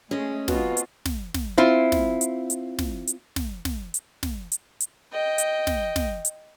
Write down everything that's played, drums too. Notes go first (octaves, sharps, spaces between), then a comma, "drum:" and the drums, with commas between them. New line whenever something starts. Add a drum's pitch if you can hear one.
G#3 A3 C#4 G#4 D#5
B2 B3 C4 F4 F#4, drum: snare
drum: hi-hat
drum: snare
drum: snare
C4 E4 F4
drum: snare
drum: hi-hat
drum: hi-hat
drum: snare
drum: hi-hat
drum: snare
drum: snare
drum: hi-hat
drum: snare
drum: hi-hat
drum: hi-hat
D#5 G5
drum: hi-hat
drum: snare
drum: snare
drum: hi-hat